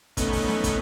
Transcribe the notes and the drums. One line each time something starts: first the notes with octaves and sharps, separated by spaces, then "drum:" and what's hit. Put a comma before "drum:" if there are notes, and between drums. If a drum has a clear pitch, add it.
A3 B3 C#4 D#4, drum: kick, hi-hat
drum: kick, open hi-hat
drum: snare
drum: kick, hi-hat